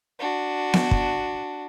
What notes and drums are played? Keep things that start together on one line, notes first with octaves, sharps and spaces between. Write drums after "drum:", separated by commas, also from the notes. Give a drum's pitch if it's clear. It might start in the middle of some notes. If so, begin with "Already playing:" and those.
D4 F#4
drum: snare B3
drum: kick